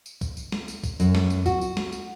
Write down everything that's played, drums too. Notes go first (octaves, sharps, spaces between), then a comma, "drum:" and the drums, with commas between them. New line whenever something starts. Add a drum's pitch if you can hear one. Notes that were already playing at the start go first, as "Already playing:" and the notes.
drum: tambourine
drum: kick, tambourine
drum: tambourine
drum: snare
drum: tambourine
drum: kick, tambourine
F#2, drum: tambourine
drum: snare
drum: tambourine
F#4, drum: kick, tambourine
drum: tambourine
drum: snare
drum: tambourine